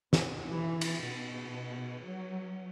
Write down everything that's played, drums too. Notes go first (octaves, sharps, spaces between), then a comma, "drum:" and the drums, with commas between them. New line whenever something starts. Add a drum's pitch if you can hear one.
B2, drum: snare
E3
drum: cymbal
B2
F#3